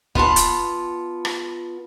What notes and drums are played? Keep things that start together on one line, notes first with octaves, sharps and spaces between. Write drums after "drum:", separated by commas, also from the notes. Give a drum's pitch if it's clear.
B3 F4 F#5 A5, drum: kick
drum: hi-hat
drum: rim click